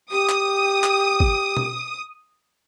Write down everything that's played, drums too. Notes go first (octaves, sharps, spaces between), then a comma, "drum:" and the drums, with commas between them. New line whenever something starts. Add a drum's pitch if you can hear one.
G4 D#6
drum: clap
drum: clap
drum: kick
drum: tom B2